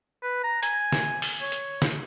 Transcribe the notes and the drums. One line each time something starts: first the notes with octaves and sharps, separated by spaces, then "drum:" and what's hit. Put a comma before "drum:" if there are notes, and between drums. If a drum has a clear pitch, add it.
B4
A#5
G#5, drum: hi-hat
drum: snare
drum: open hi-hat
C#5
drum: hi-hat
drum: snare